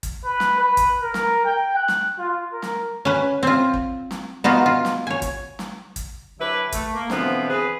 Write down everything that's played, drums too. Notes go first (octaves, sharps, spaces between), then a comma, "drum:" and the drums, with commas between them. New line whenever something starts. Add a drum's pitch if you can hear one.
drum: kick, hi-hat
B4
drum: snare
B4
drum: kick, hi-hat
A#4
drum: snare
G5
F#6
drum: snare
F4
A#4
drum: snare
C#4 B4
C4 F4
drum: kick
drum: snare
B3 D#4 F4 F#4
F4
drum: snare
C#5 G#5
drum: kick, hi-hat
drum: snare
drum: kick, hi-hat
D3 F#3 E4 G4 B4
A3, drum: kick, hi-hat
A#3
B2 D3 E3 F3 B3 C4, drum: snare
E2 C4 G#4 B4